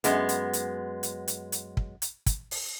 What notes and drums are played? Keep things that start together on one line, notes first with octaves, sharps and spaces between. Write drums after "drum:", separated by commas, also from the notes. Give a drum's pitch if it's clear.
F#2 G#3 B3, drum: hi-hat
drum: hi-hat
drum: hi-hat
drum: hi-hat
drum: hi-hat
drum: hi-hat
drum: kick
drum: hi-hat
drum: kick, hi-hat
drum: open hi-hat